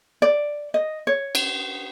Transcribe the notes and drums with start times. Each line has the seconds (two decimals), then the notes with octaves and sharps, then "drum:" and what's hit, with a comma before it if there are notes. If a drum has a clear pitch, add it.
0.22 D5
0.74 D#5
1.07 C#5
1.35 drum: cymbal